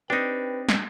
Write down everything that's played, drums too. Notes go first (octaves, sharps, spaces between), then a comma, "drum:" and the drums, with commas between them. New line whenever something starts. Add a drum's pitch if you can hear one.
C4 D4 D#4 G4 B4
drum: snare